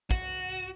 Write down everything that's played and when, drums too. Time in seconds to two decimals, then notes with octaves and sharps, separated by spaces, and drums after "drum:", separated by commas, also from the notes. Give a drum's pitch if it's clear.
0.11 F#4, drum: kick